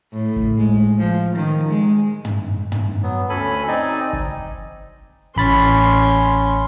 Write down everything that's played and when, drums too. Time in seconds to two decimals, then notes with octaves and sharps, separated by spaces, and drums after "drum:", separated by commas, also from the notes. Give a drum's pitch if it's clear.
0.13 A2
0.36 drum: kick
0.58 G#3
0.99 F3
1.36 D#3
1.69 G#3
2.25 drum: tom
2.72 drum: tom
3.03 F#3 B3
3.30 D2 C#4 A4 G#5 B5
3.68 C4 D#4 D5 D#5 G#5
4.13 drum: kick
5.36 A1 C#4 B5 C6 A6